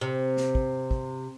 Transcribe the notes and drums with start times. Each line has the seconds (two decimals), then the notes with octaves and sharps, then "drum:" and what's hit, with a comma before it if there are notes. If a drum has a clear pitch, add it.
0.01 C3
0.37 drum: snare
0.55 drum: kick
0.91 drum: kick